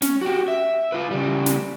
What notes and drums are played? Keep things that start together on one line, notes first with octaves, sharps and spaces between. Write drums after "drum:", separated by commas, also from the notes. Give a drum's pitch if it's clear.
C#4, drum: snare
F#4 G4
E5
F4 B4
C#3 G3
drum: snare